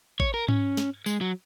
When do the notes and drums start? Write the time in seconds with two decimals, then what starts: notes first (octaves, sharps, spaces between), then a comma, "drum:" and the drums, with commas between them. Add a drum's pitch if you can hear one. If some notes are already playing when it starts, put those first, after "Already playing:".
0.20 C#5, drum: kick
0.34 A#4
0.48 C#4, drum: tom G#2
0.77 drum: snare
1.06 G#3, drum: tambourine
1.21 F#3